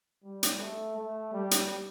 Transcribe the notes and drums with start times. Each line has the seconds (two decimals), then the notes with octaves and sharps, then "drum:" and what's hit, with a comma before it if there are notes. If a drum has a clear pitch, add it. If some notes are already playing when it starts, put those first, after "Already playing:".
0.24 G3
0.43 drum: hi-hat
0.61 A3
0.97 A3
1.33 G3
1.51 drum: hi-hat